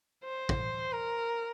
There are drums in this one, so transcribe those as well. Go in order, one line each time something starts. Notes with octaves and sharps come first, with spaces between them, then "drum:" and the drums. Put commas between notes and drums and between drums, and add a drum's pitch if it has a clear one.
C5
drum: kick
A#4